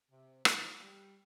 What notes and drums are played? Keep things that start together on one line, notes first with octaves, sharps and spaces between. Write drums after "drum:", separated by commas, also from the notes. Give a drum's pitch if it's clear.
C3
F3, drum: rim click
G3